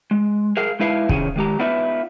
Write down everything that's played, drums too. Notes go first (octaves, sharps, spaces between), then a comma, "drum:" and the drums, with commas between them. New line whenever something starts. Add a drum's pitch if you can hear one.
G#3
G#4 A#4 F5
G#3 D#4 E4 B4 F5
C3 D#3 C#4 G#4, drum: kick
D#3 G#3 G4 A#5
B3 D#4 F4 B4 D5 E5